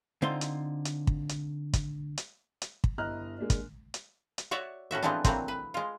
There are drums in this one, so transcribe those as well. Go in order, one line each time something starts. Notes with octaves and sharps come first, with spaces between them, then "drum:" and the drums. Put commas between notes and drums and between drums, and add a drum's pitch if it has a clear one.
D3 C4 D#4 F4 C6
drum: hi-hat
drum: hi-hat
drum: kick
drum: hi-hat
drum: kick, hi-hat
drum: hi-hat
drum: hi-hat
drum: kick
G1 E4 D#5 A#5 F6 F#6
G#3 A#3 D4
drum: kick, hi-hat
drum: hi-hat
drum: hi-hat
F#4 C#5 D5 E5
A2 C#4 F#4 E5
E3 F3 G#3 B3 C4 D4
A#2 E3 F#3 A3 C4, drum: kick, hi-hat
B4
G#3 F4